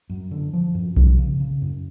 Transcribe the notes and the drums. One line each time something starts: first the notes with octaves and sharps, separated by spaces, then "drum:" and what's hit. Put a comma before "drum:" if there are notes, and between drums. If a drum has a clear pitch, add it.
F#2
D3
F3
F#2
F3, drum: kick B1
C#3
C#3
F#2